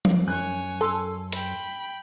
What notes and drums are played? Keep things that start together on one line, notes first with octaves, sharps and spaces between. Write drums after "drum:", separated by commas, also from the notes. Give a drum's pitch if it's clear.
drum: tom F3
F#2 C#5 G#5 F#6
A4 C6
G5 B5, drum: hi-hat